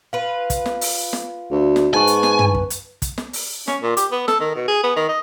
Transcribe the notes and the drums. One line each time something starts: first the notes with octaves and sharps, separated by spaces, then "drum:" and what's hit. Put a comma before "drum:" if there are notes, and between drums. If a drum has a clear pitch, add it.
F4 B4 F5
drum: kick, hi-hat
drum: snare
drum: open hi-hat
drum: snare
D2
drum: snare
G#2 B3 B4 G#5 A5 C#6
drum: hi-hat
drum: snare
drum: tom
drum: kick
drum: hi-hat
drum: kick, hi-hat
drum: snare
drum: open hi-hat
C#4, drum: snare
A#2
G4, drum: hi-hat
B3
A4, drum: snare
D#3
B2
G#4
B3
D#3
D#5